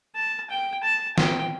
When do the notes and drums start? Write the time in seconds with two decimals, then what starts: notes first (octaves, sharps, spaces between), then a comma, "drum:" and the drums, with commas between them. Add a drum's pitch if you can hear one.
0.16 A5
0.50 G5
0.83 A5
1.18 G5, drum: snare